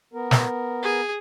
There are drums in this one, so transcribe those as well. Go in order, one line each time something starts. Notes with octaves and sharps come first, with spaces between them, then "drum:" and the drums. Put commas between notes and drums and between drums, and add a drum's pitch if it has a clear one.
B3 A#4
drum: snare
G#4